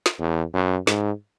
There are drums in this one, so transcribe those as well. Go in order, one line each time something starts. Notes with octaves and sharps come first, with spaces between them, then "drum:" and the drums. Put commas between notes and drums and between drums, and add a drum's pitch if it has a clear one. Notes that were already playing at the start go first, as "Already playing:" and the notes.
drum: snare
E2
F#2
G#2, drum: snare